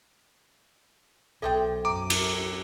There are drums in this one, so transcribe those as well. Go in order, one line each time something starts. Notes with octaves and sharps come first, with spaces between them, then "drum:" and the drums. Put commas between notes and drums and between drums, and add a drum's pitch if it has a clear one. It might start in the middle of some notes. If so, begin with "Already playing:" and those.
B1 G#4 A4 C5 E5 G5
F#2 A#5 D6
drum: cymbal